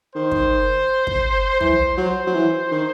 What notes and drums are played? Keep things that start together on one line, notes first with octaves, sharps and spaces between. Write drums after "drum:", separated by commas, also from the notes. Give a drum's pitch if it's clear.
D#3 C5
drum: kick
drum: kick
E3 C5, drum: tom
F#3 C5
F#3
E3
D#3